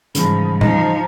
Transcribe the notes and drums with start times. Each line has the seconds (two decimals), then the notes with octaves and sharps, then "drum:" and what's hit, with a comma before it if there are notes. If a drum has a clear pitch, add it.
0.15 G#2 C#3 E3 F3 G3 B5, drum: hi-hat
0.61 F3 D#4 A#5, drum: tom A#2